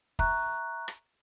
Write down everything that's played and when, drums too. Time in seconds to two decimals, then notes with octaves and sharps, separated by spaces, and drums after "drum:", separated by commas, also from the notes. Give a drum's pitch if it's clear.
0.19 E5 A#5 C#6 F#6, drum: kick
0.88 drum: rim click